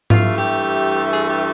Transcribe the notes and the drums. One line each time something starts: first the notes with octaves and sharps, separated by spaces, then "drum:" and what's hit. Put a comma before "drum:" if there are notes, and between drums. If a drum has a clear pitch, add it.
G2 E3 A3 F4, drum: tom G#2
G4
G#4
G4